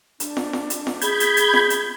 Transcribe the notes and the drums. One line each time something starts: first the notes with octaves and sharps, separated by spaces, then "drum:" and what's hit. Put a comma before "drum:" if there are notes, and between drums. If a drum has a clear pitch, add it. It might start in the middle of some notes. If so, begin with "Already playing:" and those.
D4, drum: hi-hat
drum: snare
drum: snare
drum: hi-hat
drum: snare
G#4 B5 G6 G#6, drum: hi-hat
drum: hi-hat
drum: hi-hat
drum: snare
drum: hi-hat